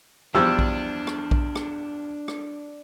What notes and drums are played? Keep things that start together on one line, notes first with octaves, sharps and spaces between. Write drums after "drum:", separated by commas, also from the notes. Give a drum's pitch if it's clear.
E2 F3 G3 D4 E6
drum: kick A#1
drum: rim click
drum: kick A#1
drum: rim click
drum: rim click